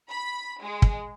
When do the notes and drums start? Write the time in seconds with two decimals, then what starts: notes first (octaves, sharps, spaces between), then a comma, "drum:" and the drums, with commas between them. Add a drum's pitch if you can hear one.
0.12 B5
0.63 G#3
0.82 drum: kick